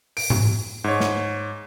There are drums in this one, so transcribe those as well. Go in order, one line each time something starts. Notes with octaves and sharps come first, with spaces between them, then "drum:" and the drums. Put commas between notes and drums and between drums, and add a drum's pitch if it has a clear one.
D7, drum: open hi-hat
drum: tom G#2
G#2 C#5
drum: snare